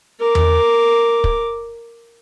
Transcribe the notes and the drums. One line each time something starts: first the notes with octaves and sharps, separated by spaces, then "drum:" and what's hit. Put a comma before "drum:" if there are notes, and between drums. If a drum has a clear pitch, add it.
A#4 D6
drum: tom E2
drum: kick